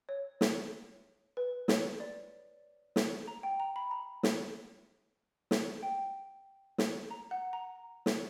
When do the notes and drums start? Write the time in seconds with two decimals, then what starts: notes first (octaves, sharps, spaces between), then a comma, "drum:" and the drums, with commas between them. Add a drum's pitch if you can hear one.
0.09 C#5
0.41 drum: snare
1.37 B4
1.68 C#5, drum: snare
2.00 D5
2.96 drum: snare
3.28 A#5
3.43 G5
3.60 A#5
3.76 B5
3.91 A#5
4.23 drum: snare
5.51 drum: snare
5.83 G5
6.78 drum: snare
7.11 A#5
7.31 F#5
7.53 A#5
8.06 drum: snare